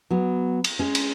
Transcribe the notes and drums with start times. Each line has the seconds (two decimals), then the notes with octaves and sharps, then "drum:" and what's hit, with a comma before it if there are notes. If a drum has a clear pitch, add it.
0.10 F#3 B3
0.64 drum: cymbal
0.79 G#3 C#4
0.95 drum: cymbal